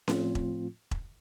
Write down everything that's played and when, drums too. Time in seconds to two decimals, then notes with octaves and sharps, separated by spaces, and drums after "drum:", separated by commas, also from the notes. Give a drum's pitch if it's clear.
0.08 A2 F3 A3 C4 F4, drum: snare C#4
0.35 drum: kick E1
0.91 drum: kick E1